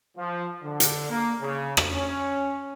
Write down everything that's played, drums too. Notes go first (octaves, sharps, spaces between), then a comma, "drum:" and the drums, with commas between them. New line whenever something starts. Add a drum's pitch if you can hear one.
F3
D3
drum: hi-hat
A#3
C#3
drum: rim click
C#4